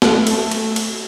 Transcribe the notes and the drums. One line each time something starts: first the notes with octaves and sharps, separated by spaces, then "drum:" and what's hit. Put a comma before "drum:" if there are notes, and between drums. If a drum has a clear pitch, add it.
A3, drum: snare
drum: cymbal
drum: cymbal
drum: cymbal